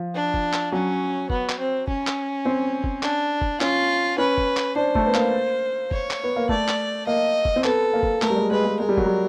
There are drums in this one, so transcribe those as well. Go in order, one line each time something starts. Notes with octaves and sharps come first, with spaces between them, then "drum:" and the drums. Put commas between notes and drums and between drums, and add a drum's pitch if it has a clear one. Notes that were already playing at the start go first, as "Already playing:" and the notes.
Already playing: F3
D4
drum: kick
drum: clap
F#3 C#4
B3, drum: kick
drum: clap
C4
C#4, drum: kick
drum: clap
C4
drum: kick
D4, drum: clap
drum: kick
C#4 F4, drum: clap
C#4 B4
drum: kick
drum: clap
D4 C5
A3, drum: kick
B3
A#3, drum: clap
C#5, drum: kick
drum: clap
B3
A#3
A3 D5, drum: kick
drum: clap
A#3 D#5
drum: kick
C4
B3 A4, drum: clap
A#3
drum: kick
A3 A#4, drum: clap
G3
G#3
G#3 B4
G#3
G#3 A#4
G3
F#3, drum: kick
G3